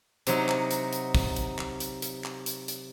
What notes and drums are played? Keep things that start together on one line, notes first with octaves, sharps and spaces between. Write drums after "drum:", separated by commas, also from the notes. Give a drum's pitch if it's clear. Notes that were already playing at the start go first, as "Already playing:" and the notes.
C3 F#3 D#4, drum: hi-hat
drum: clap
drum: hi-hat
drum: hi-hat
drum: kick, open hi-hat
drum: hi-hat
drum: clap
drum: hi-hat
drum: hi-hat
drum: clap
drum: hi-hat
drum: hi-hat